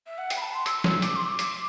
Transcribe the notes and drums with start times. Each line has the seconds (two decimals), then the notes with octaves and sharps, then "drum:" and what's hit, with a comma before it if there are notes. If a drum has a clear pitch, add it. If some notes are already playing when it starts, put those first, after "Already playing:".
0.07 E5
0.18 F#5
0.30 G5, drum: hi-hat
0.36 B5
0.42 A5
0.54 C6
0.66 E6, drum: hi-hat
0.84 drum: snare
1.02 D6, drum: hi-hat
1.16 C6
1.28 D6
1.39 drum: hi-hat